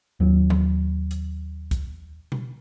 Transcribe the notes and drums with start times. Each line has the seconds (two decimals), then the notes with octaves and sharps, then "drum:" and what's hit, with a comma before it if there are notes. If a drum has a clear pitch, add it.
0.20 D#2 F#3
0.50 drum: tom D#3
1.11 drum: hi-hat
1.71 drum: kick, hi-hat
2.32 drum: tom B2